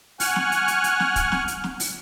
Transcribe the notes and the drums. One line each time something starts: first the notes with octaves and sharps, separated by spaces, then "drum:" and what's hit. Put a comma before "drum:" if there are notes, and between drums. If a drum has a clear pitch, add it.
F#5 G#5 C#6 F6 F#6, drum: open hi-hat
drum: snare
drum: hi-hat
drum: hi-hat
drum: hi-hat
drum: snare
drum: kick, hi-hat
drum: snare
drum: hi-hat
drum: snare
drum: open hi-hat